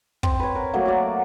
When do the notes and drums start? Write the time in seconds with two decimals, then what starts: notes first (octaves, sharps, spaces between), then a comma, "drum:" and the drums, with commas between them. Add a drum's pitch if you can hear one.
0.23 C4, drum: kick
0.40 B4 C#5
0.55 A#4 F#5
0.73 F#3 A3 A#3 G#4
0.85 F#4 D5